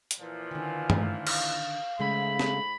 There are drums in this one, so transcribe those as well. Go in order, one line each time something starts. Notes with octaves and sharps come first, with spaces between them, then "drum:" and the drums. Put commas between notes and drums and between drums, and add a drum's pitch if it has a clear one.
drum: hi-hat
A#2 E3 F3
D3 D#3 G#5
drum: tom
F5, drum: cymbal
G#2 C#3 G#3 A3 B5
drum: snare